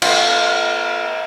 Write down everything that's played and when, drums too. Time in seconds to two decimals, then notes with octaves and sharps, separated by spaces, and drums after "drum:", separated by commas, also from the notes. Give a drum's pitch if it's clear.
0.02 A3 B3 F4, drum: cymbal